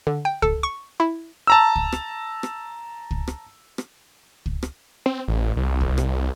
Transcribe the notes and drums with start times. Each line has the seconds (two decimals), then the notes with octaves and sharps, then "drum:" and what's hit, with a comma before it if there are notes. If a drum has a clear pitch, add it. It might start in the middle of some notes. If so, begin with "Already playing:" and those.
0.07 D3
0.25 G5
0.42 A4, drum: kick
0.63 C#6
1.00 E4
1.47 A5 A#5 E6
1.76 drum: kick
1.92 drum: rim click
2.43 drum: rim click
3.11 drum: kick
3.28 drum: rim click
3.78 drum: rim click
4.46 drum: kick
4.63 drum: rim click
5.06 C4
5.28 A1
5.57 C2
5.81 drum: kick
5.98 drum: rim click